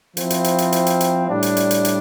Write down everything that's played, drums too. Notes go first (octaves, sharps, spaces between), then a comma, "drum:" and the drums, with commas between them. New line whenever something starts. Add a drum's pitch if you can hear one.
F3 C4 E4, drum: hi-hat
drum: hi-hat
drum: hi-hat
drum: hi-hat
drum: hi-hat
drum: hi-hat
drum: hi-hat
A2 G3 D4
drum: hi-hat
drum: hi-hat
drum: hi-hat
drum: hi-hat